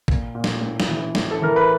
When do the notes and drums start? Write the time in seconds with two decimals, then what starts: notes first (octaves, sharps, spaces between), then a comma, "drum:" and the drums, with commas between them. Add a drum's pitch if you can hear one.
0.08 A#2, drum: kick
0.35 A#2
0.44 drum: snare
0.61 A2
0.80 drum: snare
0.89 E3
1.15 A2, drum: snare
1.31 A4
1.42 E3 A#4
1.56 B4